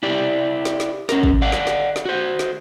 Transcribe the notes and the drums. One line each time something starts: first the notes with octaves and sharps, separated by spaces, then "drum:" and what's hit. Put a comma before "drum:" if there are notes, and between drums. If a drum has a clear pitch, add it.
E4 G4 D5
drum: snare
drum: snare
C#4 A#4, drum: snare
drum: kick
D5 F5 F#5
drum: snare
drum: snare
drum: snare
F#4 C5
drum: snare